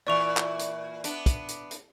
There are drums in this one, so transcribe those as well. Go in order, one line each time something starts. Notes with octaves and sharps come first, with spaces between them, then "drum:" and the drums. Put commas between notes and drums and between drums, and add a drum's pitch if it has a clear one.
A#2 E3 D5 C#6 F7
drum: clap
drum: hi-hat
B3 D4, drum: hi-hat
drum: kick, hi-hat
drum: hi-hat
drum: hi-hat